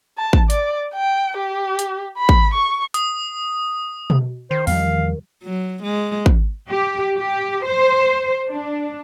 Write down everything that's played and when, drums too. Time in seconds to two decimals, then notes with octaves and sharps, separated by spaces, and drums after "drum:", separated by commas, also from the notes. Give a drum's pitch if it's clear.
0.18 A5
0.33 drum: kick
0.50 D5, drum: hi-hat
0.94 G5
1.38 G4
1.79 drum: hi-hat
2.17 B5
2.29 drum: kick
2.54 C#6
2.94 D#6, drum: hi-hat
4.10 drum: tom B2
4.51 D#3 C5
4.67 E2 F3 G3 F5, drum: open hi-hat
5.43 F#3
5.83 G#3
6.26 drum: kick
6.68 G4
7.15 G4
7.64 C5
8.49 D4